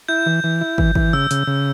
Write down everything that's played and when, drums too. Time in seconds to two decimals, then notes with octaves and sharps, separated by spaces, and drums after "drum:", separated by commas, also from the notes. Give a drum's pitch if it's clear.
0.08 E4 G6
0.26 E3
0.44 E3
0.61 E4
0.78 E3, drum: kick
0.95 E3, drum: kick
1.13 C#3 E6
1.31 C#3, drum: hi-hat
1.47 C#3